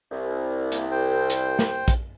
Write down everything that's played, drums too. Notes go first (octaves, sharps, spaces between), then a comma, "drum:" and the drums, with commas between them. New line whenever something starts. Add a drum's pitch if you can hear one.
C2
A#3, drum: hi-hat
C5 G5
drum: hi-hat
drum: snare
drum: kick, hi-hat